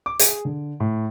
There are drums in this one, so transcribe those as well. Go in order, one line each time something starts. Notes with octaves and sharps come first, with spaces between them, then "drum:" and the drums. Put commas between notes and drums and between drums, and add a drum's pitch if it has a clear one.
D6
G#4, drum: hi-hat
D3
A2